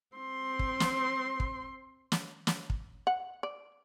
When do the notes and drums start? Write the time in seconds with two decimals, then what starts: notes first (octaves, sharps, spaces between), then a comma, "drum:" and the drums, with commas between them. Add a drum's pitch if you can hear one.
0.16 C4 C6
0.59 drum: kick
0.80 drum: snare
1.40 drum: kick
2.12 drum: snare
2.47 drum: snare
2.70 drum: kick
3.07 F#5
3.43 D5